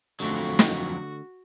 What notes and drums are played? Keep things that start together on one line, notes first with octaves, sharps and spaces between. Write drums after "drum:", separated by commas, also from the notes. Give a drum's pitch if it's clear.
F2 D3 F#3 A3 F#4
drum: snare